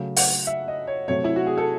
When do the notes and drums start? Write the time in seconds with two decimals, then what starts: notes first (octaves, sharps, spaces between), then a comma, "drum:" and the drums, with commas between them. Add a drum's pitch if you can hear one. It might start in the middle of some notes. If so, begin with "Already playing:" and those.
Already playing: C#3 F#3 A3
0.16 F#5, drum: open hi-hat
0.47 E5
0.68 D#5
0.87 C#5
1.08 C3 F#3 A3 C#5
1.24 E4
1.36 F#4
1.47 G#4
1.58 A4